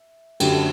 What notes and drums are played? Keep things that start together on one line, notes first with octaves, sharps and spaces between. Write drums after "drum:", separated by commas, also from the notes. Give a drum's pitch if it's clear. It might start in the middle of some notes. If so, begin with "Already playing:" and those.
Already playing: E5
F#2 D3 F#3 A3 D4 G4 G5, drum: cymbal
A4 A5